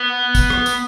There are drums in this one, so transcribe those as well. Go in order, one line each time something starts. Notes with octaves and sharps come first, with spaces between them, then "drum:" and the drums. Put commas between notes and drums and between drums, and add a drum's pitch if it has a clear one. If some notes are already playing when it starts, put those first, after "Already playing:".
Already playing: B3
drum: kick, tambourine
drum: rim click
drum: tambourine